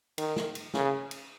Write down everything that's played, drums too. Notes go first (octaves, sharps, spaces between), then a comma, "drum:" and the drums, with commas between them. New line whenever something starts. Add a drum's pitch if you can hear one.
D#3, drum: cymbal
drum: snare
drum: cymbal
C#3, drum: snare
drum: cymbal